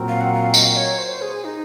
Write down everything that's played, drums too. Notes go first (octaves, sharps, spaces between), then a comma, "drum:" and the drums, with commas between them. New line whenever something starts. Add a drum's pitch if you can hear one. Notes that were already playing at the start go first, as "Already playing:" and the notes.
Already playing: A#2 F#3 C4 F#4 A#4
F5
F#5
F5
D#5, drum: tambourine
D#5
C#5
C5
G#4
D#4